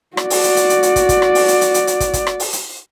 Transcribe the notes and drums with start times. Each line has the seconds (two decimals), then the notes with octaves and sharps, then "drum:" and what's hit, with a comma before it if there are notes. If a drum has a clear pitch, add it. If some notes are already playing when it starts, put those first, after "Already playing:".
0.17 F#4 D5, drum: rim click
0.30 drum: open hi-hat
0.43 drum: hi-hat
0.57 drum: hi-hat
0.70 drum: hi-hat
0.83 drum: hi-hat
0.96 drum: kick, hi-hat
1.09 drum: kick, hi-hat
1.22 drum: rim click
1.35 drum: open hi-hat
1.48 drum: hi-hat
1.61 drum: hi-hat
1.74 drum: hi-hat
1.87 drum: hi-hat
2.00 drum: kick, hi-hat
2.13 drum: kick, hi-hat
2.27 drum: rim click
2.40 drum: open hi-hat
2.53 drum: hi-hat